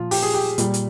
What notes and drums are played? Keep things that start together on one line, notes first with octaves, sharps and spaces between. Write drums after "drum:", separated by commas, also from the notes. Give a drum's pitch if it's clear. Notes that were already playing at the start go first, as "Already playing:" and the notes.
Already playing: A#2 F3 F4
G4, drum: open hi-hat
G#4
G4
A#2 G3, drum: hi-hat
drum: hi-hat